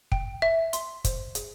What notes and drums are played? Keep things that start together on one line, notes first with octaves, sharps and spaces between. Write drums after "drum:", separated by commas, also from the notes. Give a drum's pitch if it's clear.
G5, drum: kick
E5
C6, drum: hi-hat
C5, drum: kick, hi-hat
G#4, drum: hi-hat